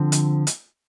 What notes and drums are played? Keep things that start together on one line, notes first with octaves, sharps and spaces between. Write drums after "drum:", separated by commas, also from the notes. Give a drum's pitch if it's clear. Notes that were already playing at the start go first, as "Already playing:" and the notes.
Already playing: D3 F3 C4
drum: hi-hat
drum: hi-hat